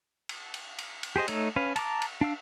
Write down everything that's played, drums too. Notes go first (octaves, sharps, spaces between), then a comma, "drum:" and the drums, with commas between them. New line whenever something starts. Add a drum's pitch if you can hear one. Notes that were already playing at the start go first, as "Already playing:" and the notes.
drum: cymbal
drum: cymbal
drum: cymbal
drum: cymbal
G4 G#4 C5 D#5
A3 D#4 C#5 E6, drum: cymbal
C#4 B4 F5
A5 A#5 D6, drum: cymbal
drum: cymbal
D4 F5 E6